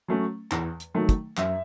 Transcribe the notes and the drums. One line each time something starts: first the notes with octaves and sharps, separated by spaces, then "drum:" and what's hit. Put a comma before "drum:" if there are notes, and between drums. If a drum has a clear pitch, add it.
F#3 A3 C#4
E2, drum: clap
drum: hi-hat
D#3 F#3 A3
drum: kick, hi-hat
F#2 E5, drum: clap